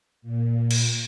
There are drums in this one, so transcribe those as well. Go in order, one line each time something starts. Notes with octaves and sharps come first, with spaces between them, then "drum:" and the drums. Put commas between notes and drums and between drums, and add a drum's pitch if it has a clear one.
A#2
drum: cymbal